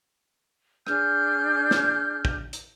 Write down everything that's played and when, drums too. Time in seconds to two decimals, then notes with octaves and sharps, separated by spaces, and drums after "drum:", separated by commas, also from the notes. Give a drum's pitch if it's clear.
0.87 D4 G#4 F6 G6, drum: rim click
1.71 drum: snare
2.25 drum: kick A1
2.53 drum: hi-hat